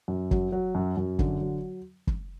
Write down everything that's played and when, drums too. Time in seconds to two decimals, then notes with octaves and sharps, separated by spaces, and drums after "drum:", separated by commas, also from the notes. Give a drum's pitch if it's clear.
0.08 F#2
0.31 F#3, drum: kick F#1
0.52 F#3
0.75 F#2
0.97 F#2
1.19 D3, drum: kick F#1
1.41 F#3
2.07 drum: kick F#1